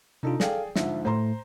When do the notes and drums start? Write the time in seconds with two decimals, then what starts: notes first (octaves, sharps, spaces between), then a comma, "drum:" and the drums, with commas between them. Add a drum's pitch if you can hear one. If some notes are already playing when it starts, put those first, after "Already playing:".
0.23 C3 D4 D#4 F4 A4
0.40 G#4 A4 D5 F5 G5, drum: snare
0.76 G#2 D3 F3 E5, drum: snare
1.05 A2 A3 C5 A#5 C6